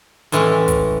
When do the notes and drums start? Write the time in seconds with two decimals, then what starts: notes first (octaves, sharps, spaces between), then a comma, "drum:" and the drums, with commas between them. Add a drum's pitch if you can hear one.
0.32 A2 E3 G#3 C#4, drum: hi-hat
0.68 drum: kick, hi-hat